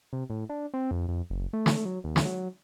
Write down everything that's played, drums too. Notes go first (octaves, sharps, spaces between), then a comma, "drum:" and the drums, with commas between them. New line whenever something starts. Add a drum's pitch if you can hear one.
C3
A2
D4
C4
F2
F2
F#1
A3
drum: snare
F#3
D#2
drum: snare
F#3